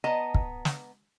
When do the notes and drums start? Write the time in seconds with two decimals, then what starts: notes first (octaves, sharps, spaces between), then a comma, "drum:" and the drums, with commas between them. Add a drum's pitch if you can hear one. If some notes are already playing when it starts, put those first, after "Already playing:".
0.04 B3 D#5 A5 A#5
0.35 drum: kick
0.65 drum: snare